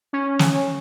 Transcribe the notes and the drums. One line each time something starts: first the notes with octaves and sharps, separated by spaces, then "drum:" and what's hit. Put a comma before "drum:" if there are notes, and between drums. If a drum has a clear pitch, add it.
C#4
drum: snare